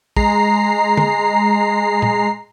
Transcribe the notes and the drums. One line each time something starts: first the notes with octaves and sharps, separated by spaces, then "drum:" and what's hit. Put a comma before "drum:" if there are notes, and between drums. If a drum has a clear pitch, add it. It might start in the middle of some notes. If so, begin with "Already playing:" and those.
G#3 A#5 C7, drum: kick
drum: tom
drum: tom